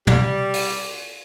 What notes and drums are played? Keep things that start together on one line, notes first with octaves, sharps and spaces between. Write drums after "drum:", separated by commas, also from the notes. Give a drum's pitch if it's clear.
G3, drum: tom
drum: open hi-hat